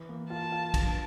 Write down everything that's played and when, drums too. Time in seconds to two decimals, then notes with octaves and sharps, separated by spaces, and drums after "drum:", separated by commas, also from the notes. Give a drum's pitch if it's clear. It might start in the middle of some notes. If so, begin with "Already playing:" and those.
Already playing: E3
0.09 A#3
0.30 F4 A5
0.52 F4
0.74 D4, drum: kick, cymbal